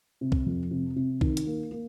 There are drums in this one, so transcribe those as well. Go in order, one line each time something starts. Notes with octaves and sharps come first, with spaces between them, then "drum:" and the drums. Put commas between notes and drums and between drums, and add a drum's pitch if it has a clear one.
C3
drum: kick C2
F2
C3
C3
D#3, drum: kick C2
drum: hi-hat
A#3
A#3